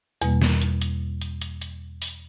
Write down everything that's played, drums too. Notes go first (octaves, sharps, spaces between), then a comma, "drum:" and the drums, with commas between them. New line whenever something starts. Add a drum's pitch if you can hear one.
E2 B2 G3 A#3, drum: hi-hat
drum: snare
drum: hi-hat
drum: hi-hat
drum: hi-hat
drum: hi-hat
drum: hi-hat
drum: open hi-hat